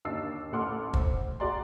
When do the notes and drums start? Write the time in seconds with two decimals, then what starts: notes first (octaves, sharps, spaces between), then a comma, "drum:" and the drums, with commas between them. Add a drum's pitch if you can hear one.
0.05 D#2 D4 D#5 E6 A6 C7
0.52 A1 A4 F#5 C6 D6 F6
0.94 C5, drum: kick
1.40 F#4 G#4 D5 A#5 C6